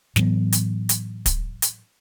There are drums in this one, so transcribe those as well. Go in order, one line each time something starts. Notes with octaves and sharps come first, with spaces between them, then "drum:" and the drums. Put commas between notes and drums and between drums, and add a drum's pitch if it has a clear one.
A2 E3 F#3 B3, drum: snare
drum: hi-hat
drum: hi-hat
drum: kick, hi-hat
drum: hi-hat